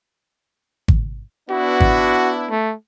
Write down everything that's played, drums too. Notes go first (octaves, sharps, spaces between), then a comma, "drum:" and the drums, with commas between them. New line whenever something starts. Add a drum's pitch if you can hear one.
drum: kick G#1
B3 D4 E4 F#4
drum: kick G#1
A3